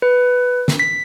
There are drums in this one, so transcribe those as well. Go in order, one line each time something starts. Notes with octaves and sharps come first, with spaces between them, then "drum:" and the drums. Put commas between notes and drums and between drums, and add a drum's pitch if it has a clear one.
B4
drum: snare
B6